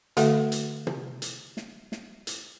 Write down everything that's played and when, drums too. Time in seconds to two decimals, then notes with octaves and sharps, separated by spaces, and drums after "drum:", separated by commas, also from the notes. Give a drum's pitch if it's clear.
0.17 D3 A3 F#4 A4 E5 F#5, drum: hi-hat
0.52 drum: hi-hat
0.87 drum: tom
1.22 drum: hi-hat
1.57 drum: snare
1.92 drum: snare
2.27 drum: hi-hat